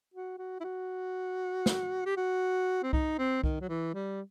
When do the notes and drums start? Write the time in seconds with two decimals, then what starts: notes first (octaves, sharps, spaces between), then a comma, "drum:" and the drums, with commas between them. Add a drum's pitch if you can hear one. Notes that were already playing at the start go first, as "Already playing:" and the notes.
0.14 F#4
0.39 F#4
0.61 E4
0.64 F#4
1.66 drum: snare
2.06 G4
2.17 F#4
2.83 C4
2.93 D#4, drum: kick C2
3.19 C4
3.44 D#3, drum: kick C2
3.61 F#3
3.69 E3
3.95 G3